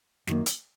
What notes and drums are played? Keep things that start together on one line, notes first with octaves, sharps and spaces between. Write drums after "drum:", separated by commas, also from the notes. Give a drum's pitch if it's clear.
F#2 D#3 A#3, drum: snare
drum: hi-hat